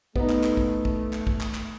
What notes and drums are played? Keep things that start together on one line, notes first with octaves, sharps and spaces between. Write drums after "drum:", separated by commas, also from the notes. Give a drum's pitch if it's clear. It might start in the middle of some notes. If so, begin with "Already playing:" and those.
A3 B3 D#4, drum: kick
drum: clap
drum: clap
drum: kick
drum: kick
drum: clap
drum: kick
drum: clap
drum: clap